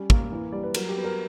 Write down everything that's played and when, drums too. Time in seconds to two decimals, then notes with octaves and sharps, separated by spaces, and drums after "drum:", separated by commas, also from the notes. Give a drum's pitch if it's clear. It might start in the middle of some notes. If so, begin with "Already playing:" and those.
Already playing: G3 C#4
0.10 A#3, drum: kick
0.32 E3
0.52 G3 D5
0.63 B4
0.74 F#3 A#4, drum: cymbal
0.89 G4
0.97 B3
1.04 A#4